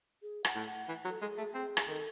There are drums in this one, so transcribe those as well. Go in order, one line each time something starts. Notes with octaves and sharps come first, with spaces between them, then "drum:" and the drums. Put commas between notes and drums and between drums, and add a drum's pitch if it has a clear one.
G#4
F#5, drum: rim click
A2
F#5
E3
F#3
A4
G#3 A4
G#4
A3
C4 G#4
drum: rim click
D#3 A4